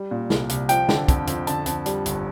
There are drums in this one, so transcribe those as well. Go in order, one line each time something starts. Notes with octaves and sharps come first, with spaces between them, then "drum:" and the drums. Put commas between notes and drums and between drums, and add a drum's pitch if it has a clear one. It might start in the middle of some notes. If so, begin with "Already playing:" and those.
Already playing: G3
A#2
C2, drum: snare
C2, drum: hi-hat
F3 G5, drum: hi-hat
D3, drum: snare
F2, drum: kick, hi-hat
F2, drum: hi-hat
D3 A5, drum: hi-hat
F2, drum: hi-hat
G3, drum: hi-hat
G1, drum: hi-hat